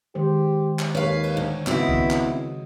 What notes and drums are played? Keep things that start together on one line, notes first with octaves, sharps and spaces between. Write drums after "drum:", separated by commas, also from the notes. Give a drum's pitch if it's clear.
D#3 G#3 G4 C5
drum: clap
D#2 B4 C#5 F5
drum: cymbal
D2
C#3 B3 C4 E4 F#4 D#5, drum: clap
drum: kick C2
drum: clap